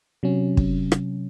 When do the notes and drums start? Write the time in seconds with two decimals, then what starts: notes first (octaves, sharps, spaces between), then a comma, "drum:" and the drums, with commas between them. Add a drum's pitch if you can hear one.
0.23 C3 F#3 C#4
0.57 drum: kick
0.92 drum: rim click